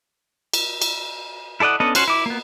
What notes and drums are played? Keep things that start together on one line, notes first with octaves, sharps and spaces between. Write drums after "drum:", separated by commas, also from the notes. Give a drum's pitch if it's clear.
drum: cymbal
drum: cymbal
E4 A4 D5 D#5 F#5
B3 C#4 D4 A4 D#5
C#4 F#4 C5 F#5, drum: cymbal
E4 D6
A#3 B3